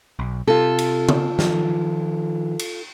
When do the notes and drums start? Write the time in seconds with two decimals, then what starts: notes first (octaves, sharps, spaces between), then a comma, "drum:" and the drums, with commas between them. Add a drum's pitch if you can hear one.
0.19 B1
0.48 C3 F4 A4
0.78 drum: cymbal
1.09 drum: tom C#3
1.39 D#3 F3, drum: snare
2.59 drum: cymbal